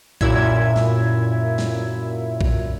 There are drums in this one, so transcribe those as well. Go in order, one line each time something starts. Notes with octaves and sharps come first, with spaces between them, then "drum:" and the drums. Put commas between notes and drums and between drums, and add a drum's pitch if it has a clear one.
F#2 A#2 E4 E5 G#6, drum: kick A#1
drum: snare
drum: snare
drum: kick A#1